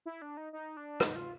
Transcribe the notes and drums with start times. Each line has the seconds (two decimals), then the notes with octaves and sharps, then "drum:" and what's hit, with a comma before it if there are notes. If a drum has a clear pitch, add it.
0.06 E4
0.22 D4
0.37 D#4
0.53 D#4
0.77 D4
1.00 D#4, drum: rim click
1.16 F4